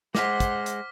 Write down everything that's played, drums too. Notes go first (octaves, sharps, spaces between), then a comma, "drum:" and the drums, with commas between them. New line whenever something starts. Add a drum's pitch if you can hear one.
G#3 C5 F#5 D6 F6 B6, drum: snare
drum: kick, hi-hat
drum: hi-hat